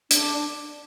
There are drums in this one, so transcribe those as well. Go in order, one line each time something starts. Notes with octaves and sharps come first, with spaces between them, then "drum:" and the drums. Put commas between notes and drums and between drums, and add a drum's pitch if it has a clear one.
D4, drum: hi-hat